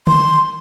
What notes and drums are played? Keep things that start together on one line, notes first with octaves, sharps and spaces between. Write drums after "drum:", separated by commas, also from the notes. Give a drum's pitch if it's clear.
C6, drum: tom D3